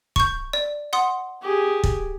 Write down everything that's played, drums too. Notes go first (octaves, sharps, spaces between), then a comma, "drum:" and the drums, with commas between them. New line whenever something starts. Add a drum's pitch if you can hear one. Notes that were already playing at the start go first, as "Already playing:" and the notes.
C#6 G6, drum: kick
D5
F#5 C6 D#6
G4 G#4
drum: kick